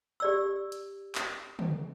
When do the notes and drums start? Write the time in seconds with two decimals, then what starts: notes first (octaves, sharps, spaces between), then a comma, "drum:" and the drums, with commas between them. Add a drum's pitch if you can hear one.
0.20 G4 D5 E6
0.72 drum: hi-hat
1.15 drum: clap
1.59 drum: tom